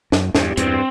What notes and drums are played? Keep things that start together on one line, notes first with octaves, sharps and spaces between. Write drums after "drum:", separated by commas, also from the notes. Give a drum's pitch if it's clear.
F#2, drum: snare
E2 G2, drum: snare
E2 G2 C4, drum: hi-hat